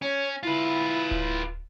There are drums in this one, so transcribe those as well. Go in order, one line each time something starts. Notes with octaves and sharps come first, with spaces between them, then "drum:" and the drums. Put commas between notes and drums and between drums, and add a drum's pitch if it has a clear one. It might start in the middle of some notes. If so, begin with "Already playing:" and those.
C#4 C#5
E4 F4 B4
drum: kick D1